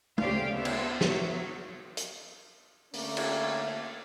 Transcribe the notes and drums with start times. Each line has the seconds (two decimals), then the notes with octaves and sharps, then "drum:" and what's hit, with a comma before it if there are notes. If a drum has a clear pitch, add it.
0.18 D2 C#3 G4 C5 D5 F5, drum: tom
0.53 B3 C5 E5
0.65 drum: cymbal
1.01 F#3 B3, drum: snare
1.97 drum: hi-hat
2.93 D3 A3 A#3 C#4, drum: open hi-hat
3.17 drum: cymbal